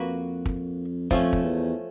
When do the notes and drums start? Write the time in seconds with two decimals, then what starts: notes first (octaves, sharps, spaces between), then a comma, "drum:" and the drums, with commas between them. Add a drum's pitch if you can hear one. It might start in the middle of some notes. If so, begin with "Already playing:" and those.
Already playing: F2 A#3 F#4 B4
0.46 drum: kick
1.11 F2 F3 A3 C#4, drum: kick
1.33 drum: kick
1.43 E2